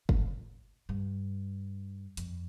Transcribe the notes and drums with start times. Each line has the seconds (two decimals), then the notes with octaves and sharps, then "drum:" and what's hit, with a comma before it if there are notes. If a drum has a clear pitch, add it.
0.09 A2, drum: kick
0.89 G2
2.17 F2, drum: hi-hat